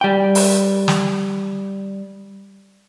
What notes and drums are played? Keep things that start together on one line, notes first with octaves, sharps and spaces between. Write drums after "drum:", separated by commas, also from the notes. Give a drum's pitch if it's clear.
G3 G5
drum: open hi-hat
drum: snare